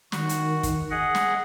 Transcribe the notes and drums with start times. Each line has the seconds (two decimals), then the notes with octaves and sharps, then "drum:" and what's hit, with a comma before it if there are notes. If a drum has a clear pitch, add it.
0.12 D#3 F#4, drum: snare
0.29 drum: hi-hat
0.63 drum: kick, hi-hat
0.91 G#4 D#5 F#5
1.15 drum: snare